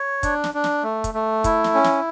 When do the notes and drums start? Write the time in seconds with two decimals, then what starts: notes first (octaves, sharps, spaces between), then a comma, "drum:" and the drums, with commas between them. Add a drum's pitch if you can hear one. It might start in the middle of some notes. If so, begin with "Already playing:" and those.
Already playing: C#5
0.23 D4, drum: kick, hi-hat
0.44 drum: snare
0.54 D4
0.64 drum: snare
0.83 A3
1.04 drum: kick, hi-hat
1.14 A3
1.44 E4, drum: kick, hi-hat
1.64 drum: snare
1.74 C#4
1.84 drum: snare